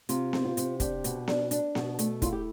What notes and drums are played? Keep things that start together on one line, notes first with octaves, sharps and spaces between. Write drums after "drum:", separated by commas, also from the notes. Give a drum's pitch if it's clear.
C3 F4, drum: hi-hat
C4, drum: snare B3
F4
C3, drum: hi-hat
D4 G4, drum: kick, hi-hat
B2, drum: hi-hat
D4, drum: snare B3
D4, drum: hi-hat
B2, drum: snare B3
A3, drum: hi-hat
E4 F4, drum: kick, hi-hat
G4